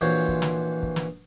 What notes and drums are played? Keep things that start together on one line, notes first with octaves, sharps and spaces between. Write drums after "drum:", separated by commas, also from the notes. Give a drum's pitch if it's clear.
A#1 E3 F4 F#4 C5 C#5
drum: kick
drum: snare
drum: kick
drum: snare